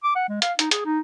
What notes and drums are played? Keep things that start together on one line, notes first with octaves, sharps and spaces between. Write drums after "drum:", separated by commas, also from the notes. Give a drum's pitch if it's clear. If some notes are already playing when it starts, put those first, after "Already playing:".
D6
F#5
G#3
F5, drum: hi-hat
D#4, drum: hi-hat
G#4, drum: hi-hat
D#4